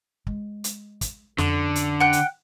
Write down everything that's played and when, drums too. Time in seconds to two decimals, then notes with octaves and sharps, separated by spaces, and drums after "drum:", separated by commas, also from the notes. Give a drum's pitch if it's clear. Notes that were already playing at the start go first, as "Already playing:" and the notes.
0.27 G#3, drum: kick
0.64 drum: hi-hat
1.01 drum: kick, hi-hat
1.38 F2 D3 C#4, drum: snare
1.75 drum: hi-hat
2.00 F#5 G5 F#6
2.13 drum: hi-hat